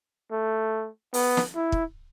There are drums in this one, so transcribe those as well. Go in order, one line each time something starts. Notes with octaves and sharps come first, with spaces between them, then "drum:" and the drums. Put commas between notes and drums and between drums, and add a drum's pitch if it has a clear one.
A3
B3, drum: open hi-hat
drum: snare
E4
drum: kick